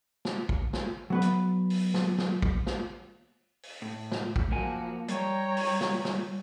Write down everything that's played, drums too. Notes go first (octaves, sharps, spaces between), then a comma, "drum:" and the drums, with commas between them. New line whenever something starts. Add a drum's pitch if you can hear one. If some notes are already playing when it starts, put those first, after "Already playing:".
drum: snare
drum: kick
drum: snare
F#3 B3 B4
drum: hi-hat
drum: open hi-hat
drum: snare
drum: snare
drum: kick
drum: snare
drum: open hi-hat
A2
drum: snare
drum: kick
F3 A#3 F#4 A#4 G#5
G3 C#5 G5 A#5, drum: hi-hat
drum: open hi-hat
drum: snare
drum: snare